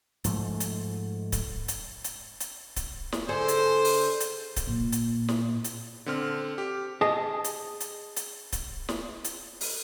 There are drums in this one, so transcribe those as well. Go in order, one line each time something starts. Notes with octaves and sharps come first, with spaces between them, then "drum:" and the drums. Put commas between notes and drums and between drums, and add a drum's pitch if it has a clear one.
G#2 F3 A3, drum: hi-hat
drum: hi-hat
drum: kick C#1, hi-hat
drum: hi-hat
drum: hi-hat
drum: hi-hat
drum: kick C#1, hi-hat
drum: snare
D3 G#4 A4 C5
drum: hi-hat
drum: open hi-hat
drum: hi-hat
drum: kick C#1, hi-hat
A#2
drum: hi-hat
drum: snare
drum: hi-hat
D3 C4 F6
G4
G#4 D#5 A5
drum: hi-hat
drum: hi-hat
drum: hi-hat
drum: kick C#1, hi-hat
drum: snare
drum: hi-hat
drum: open hi-hat